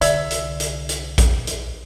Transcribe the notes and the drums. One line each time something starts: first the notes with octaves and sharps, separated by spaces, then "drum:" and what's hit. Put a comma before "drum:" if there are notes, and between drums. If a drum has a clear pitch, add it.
C2 D3 D5 E5, drum: hi-hat
drum: hi-hat
drum: hi-hat
drum: hi-hat
drum: kick A#1, hi-hat
drum: hi-hat